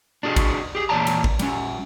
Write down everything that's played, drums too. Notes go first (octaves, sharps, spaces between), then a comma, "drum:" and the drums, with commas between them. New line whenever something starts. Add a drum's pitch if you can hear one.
D4 F#4 G#4 A#4 D#5
drum: kick G#1, cymbal
G4 G#4
E2 A#2 C#5 D5 A5 A#5
drum: cymbal
drum: kick G#1
G3 C#4, drum: cymbal